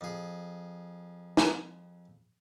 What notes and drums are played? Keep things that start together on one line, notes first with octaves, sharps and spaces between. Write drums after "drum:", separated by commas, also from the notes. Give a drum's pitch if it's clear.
F2 G#4
drum: snare